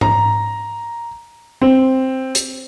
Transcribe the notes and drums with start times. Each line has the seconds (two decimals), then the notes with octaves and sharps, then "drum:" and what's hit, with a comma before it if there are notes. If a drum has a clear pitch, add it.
0.01 A#5, drum: tom G#2
1.62 C4
2.35 drum: hi-hat